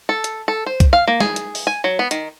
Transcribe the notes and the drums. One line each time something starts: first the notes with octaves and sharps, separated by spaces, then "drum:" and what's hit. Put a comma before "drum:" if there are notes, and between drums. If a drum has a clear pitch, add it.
A4
drum: hi-hat
A4
C5
drum: kick C2, hi-hat
F5
A#3
G#4, drum: snare
drum: hi-hat
drum: open hi-hat
G#5
F#3
B3
D#3, drum: hi-hat